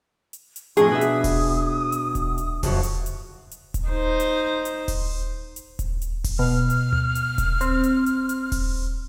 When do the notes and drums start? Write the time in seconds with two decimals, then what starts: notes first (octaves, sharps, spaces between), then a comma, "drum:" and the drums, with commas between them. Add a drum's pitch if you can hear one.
0.33 drum: hi-hat
0.56 drum: hi-hat
0.77 F2 A2 F3 D4 G#4 D#5 C#6, drum: hi-hat
0.91 B2 B4 E5 D#6
1.01 drum: hi-hat
1.24 drum: kick D#1, open hi-hat
1.92 drum: hi-hat
2.15 drum: kick D#1, hi-hat
2.38 drum: hi-hat
2.63 F#1 F2 F#4, drum: kick D#1, open hi-hat
2.83 drum: hi-hat
3.06 drum: hi-hat
3.51 drum: hi-hat
3.74 drum: kick D#1, hi-hat
3.89 D#4 C5
4.20 drum: hi-hat
4.65 drum: hi-hat
4.88 drum: kick D#1, open hi-hat
5.56 drum: hi-hat
5.79 drum: kick D#1, hi-hat
6.02 drum: hi-hat
6.24 drum: kick D#1, open hi-hat
6.39 B2 F6
6.70 drum: hi-hat
6.93 drum: tom D2
7.15 drum: hi-hat
7.38 drum: kick D#1, hi-hat
7.61 C4, drum: hi-hat
7.84 drum: hi-hat
8.06 drum: hi-hat
8.29 drum: hi-hat
8.52 drum: kick D#1, open hi-hat